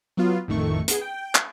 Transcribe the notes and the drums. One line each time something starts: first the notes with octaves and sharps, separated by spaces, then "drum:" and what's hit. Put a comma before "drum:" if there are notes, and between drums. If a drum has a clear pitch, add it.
F#3 B3 F4
A1 F2 D#3 A3 C#6
B3 G#4, drum: hi-hat
G5
drum: clap